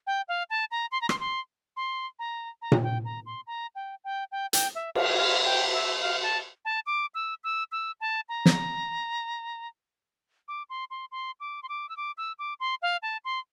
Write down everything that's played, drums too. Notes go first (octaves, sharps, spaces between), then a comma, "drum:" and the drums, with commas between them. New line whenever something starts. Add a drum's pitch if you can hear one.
G5
F5
A5
A#5
C6
A#5
C6, drum: rim click
C6
C6
A#5
A#5
drum: tom A#2
G5
A#5
C6
A#5
G5
G5
G5
G5, drum: hi-hat
E5
F5, drum: cymbal
F5
G5
E5
F5
A5
A5
D6
E6
E6
E6
A5
A#5
drum: snare
D6
C6
C6
C6
D6
C6
D6
E6
D6
E6
D6
C6
F5
A5
C6